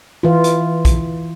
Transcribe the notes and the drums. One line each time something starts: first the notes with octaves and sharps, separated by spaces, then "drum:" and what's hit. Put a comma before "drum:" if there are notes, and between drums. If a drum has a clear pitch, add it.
E3 F4
drum: hi-hat
drum: kick, hi-hat